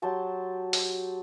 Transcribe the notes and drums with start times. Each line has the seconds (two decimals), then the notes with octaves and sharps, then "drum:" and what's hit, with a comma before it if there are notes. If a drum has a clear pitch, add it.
0.02 F#3 G4 A5 C6
0.73 drum: open hi-hat